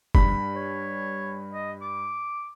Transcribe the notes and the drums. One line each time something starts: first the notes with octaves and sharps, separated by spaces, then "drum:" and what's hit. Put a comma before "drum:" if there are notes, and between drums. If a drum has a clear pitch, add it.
G2 B5, drum: kick F#1
C#5
D#5
D6